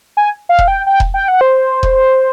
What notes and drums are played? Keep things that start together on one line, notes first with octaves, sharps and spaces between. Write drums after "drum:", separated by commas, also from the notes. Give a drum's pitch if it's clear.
G#5
F5
drum: kick E1
G5
G5
drum: kick E1
G5
F#5
C5
drum: kick E1